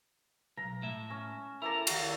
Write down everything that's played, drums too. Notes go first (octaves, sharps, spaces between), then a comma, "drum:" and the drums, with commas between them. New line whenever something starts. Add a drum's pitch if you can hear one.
B1 A#5
A2 E5
C#4
E4 A4 A#4 D5 A#5
D#2 F#4 G4, drum: cymbal